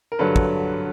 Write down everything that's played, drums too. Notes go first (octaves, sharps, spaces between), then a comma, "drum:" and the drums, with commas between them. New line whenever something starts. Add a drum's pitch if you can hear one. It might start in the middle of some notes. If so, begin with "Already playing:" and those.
A#4
G2 D3 F#3 A4 B4
drum: kick